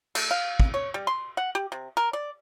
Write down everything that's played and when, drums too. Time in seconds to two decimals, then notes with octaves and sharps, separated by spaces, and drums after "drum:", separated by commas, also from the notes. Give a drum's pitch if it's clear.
0.15 A3, drum: cymbal
0.31 F5
0.60 drum: kick
0.74 C#5
0.94 G3
1.07 C6
1.37 F#5
1.55 G4
1.72 C3
1.97 A#4
2.13 D5